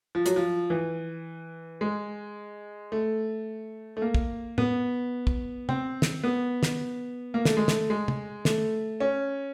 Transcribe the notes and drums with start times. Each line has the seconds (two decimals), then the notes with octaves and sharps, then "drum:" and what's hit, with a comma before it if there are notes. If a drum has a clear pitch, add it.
0.15 F3
0.26 F#3, drum: hi-hat
0.36 F3
0.70 E3
1.81 G#3
2.92 A3
3.97 A3
4.02 A#3
4.15 drum: kick
4.58 B3, drum: tom
5.27 drum: kick
5.69 C4, drum: tom
6.02 drum: snare
6.24 B3
6.63 drum: snare
7.34 A#3
7.45 A3, drum: snare
7.57 G#3
7.68 A3, drum: snare
7.90 G#3
8.08 drum: tom
8.45 A3, drum: snare
9.00 C#4